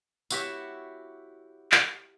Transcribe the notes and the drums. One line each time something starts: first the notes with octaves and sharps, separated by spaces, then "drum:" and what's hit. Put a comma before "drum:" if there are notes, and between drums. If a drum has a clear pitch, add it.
E4 F#4 G4 C#5 E5, drum: tambourine
drum: clap